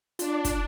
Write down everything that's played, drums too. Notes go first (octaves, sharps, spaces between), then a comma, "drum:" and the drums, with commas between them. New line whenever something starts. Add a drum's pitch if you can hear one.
D4 F4, drum: hi-hat
drum: kick, hi-hat